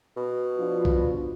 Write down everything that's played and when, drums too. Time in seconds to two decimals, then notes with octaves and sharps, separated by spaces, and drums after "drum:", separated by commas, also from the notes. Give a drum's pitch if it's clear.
0.17 B2
0.58 F3 D4 F4
0.85 drum: kick B1